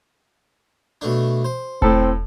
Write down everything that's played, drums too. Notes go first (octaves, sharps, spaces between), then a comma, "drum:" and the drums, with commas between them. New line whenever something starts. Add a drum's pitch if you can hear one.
B2 A3 D4
C5
A2 C4 A4, drum: kick E1